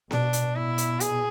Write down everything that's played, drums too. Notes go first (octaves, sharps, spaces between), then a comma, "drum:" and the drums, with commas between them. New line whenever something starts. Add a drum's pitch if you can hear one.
B2 D4, drum: snare B3
drum: hi-hat
B2 E4
drum: hi-hat
G#4, drum: hi-hat